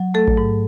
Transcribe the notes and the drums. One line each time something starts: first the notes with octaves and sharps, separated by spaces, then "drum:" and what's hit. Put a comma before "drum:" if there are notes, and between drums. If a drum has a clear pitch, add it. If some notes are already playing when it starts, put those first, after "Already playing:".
Already playing: F#3
A3 A4
drum: kick A1
G#2